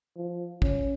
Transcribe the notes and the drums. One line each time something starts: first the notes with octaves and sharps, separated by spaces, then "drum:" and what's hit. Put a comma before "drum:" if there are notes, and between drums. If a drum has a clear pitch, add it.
F3
C#4, drum: kick